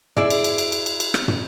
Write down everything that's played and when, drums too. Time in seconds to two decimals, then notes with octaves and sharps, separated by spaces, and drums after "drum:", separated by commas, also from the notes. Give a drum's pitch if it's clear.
0.17 E4 G#4 D5, drum: tom
0.30 drum: cymbal
0.44 drum: cymbal
0.58 drum: cymbal
0.72 drum: cymbal
0.86 drum: cymbal
1.00 drum: cymbal
1.14 drum: rim click
1.28 drum: tom